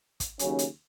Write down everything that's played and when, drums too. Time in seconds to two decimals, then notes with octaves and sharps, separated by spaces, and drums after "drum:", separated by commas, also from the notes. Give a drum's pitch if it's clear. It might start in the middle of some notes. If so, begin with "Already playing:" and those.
0.20 drum: kick, hi-hat
0.39 D#2 C#3 F#3 C#4, drum: hi-hat
0.59 drum: hi-hat